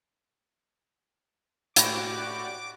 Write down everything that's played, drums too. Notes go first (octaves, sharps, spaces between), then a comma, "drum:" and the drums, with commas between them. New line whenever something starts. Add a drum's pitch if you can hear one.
A2 F#4 G4 D5 B5 D6 A#6, drum: hi-hat